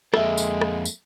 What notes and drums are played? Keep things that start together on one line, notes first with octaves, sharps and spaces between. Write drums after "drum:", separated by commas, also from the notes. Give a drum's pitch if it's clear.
F2 G#3 A#3 A4 E5, drum: rim click
drum: tambourine
drum: rim click
drum: tambourine